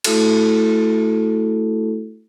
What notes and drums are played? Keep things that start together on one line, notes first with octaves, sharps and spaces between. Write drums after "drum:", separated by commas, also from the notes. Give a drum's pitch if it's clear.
A3 E4 F#4 A4, drum: cymbal